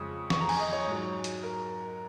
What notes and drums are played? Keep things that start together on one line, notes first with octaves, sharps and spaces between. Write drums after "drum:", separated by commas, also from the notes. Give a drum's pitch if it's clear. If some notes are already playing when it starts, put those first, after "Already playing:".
Already playing: F2 C#3 G#3 C#6 D#6
C#6, drum: snare
A#5
G#5, drum: cymbal
D#5
C#5
G#2 F#3
drum: hi-hat
A#4